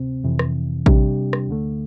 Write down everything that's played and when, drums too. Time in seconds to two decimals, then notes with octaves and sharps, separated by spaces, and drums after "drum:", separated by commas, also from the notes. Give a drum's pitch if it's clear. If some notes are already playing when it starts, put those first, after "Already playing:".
Already playing: D2 C3 C4
0.24 F2 C3 E3
0.39 drum: rim click
0.86 C3 G3 D4 G4, drum: kick A1
1.33 drum: rim click
1.48 D2 D3 A3